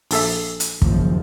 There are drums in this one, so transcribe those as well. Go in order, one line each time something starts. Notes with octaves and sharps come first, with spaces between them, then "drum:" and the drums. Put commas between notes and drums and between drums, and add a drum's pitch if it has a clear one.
A#1 A4 E5, drum: open hi-hat
drum: hi-hat
F#1 D#2 F3, drum: kick